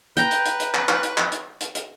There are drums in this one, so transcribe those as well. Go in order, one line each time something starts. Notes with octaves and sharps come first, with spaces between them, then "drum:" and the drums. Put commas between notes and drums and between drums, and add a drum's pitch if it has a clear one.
B4 G5 A#5, drum: hi-hat
drum: hi-hat
drum: hi-hat
drum: hi-hat
drum: clap
drum: clap
drum: hi-hat
drum: clap
drum: hi-hat
drum: hi-hat
drum: hi-hat